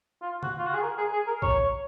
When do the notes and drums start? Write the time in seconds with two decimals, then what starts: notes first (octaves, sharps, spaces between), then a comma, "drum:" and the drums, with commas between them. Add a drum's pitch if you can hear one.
0.22 F4
0.43 F#4, drum: tom C#3
0.58 F4
0.67 F#4
0.74 G#4
0.83 A#4
0.98 G#4
1.13 G#4
1.27 A#4
1.42 C#5, drum: kick